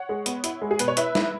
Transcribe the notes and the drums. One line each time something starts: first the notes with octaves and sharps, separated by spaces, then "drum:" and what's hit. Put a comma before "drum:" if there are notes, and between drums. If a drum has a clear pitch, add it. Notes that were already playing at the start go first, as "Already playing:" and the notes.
Already playing: C#5 F#5
G#3
B3, drum: hi-hat
E4, drum: hi-hat
G#3
G#4
B2 B4, drum: hi-hat
C#5
E4 B4 E5, drum: hi-hat
E4, drum: snare